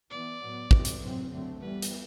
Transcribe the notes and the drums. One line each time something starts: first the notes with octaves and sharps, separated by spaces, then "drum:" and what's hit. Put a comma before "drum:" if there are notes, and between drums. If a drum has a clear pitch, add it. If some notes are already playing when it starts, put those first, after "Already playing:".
E3 B3 D5
A2 F#3 B3
C3 E3 G3 C4, drum: kick
drum: hi-hat
C3 F#3 C4
D3 F#3 A3 C4
E3 G3 B3 B4
drum: hi-hat